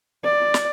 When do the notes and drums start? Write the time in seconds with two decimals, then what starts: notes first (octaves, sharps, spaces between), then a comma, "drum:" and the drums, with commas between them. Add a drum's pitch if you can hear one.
0.24 D5
0.54 drum: snare